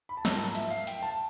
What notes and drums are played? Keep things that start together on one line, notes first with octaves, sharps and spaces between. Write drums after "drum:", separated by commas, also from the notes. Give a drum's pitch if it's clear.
B5
A5
G#2 F3 A#3 A#5, drum: snare
A5
E5, drum: hi-hat
F5
G5, drum: hi-hat
A5